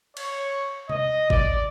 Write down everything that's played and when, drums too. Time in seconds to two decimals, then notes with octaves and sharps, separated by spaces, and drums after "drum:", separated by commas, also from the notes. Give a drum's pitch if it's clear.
0.17 C#5, drum: cymbal
0.89 D#5, drum: tom C3
1.30 D5, drum: kick G#1